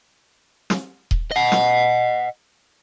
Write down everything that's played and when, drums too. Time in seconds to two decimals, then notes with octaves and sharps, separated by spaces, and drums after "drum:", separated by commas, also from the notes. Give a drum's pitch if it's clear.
0.70 drum: snare
1.11 drum: kick D#1
1.31 D#5 F#5
1.52 drum: snare